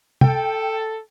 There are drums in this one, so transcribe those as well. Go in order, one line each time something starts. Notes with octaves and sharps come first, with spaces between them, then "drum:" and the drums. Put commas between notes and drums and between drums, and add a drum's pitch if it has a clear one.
A4 G5, drum: tom